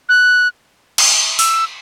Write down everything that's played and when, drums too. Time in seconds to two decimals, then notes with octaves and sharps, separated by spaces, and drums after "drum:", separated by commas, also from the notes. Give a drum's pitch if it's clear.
0.09 F#6
0.98 drum: cymbal
1.39 E6, drum: open hi-hat